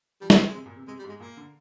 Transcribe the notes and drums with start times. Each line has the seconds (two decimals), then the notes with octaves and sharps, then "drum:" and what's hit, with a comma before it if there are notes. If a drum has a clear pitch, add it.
0.21 F3 G3
0.30 G#3, drum: snare
0.37 D3 C4
0.46 G#3
0.54 C3
0.66 A#2
0.76 C3
0.87 C3 G#3
0.99 G3
1.04 G#2
1.09 G#3
1.20 A#2 A#3
1.37 D3